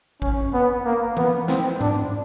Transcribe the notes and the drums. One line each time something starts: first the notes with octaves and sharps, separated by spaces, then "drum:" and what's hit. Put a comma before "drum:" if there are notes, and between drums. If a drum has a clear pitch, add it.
C#4, drum: kick
B3
A#3
B3, drum: tom E3
C4, drum: snare
D4, drum: tom G#2